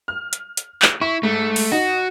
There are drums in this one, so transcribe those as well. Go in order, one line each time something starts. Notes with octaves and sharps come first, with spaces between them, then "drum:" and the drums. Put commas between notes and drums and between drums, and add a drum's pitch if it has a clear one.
F6
drum: hi-hat
drum: hi-hat
drum: clap
E4 C#6
G#2 A3
drum: open hi-hat
D#4 F#4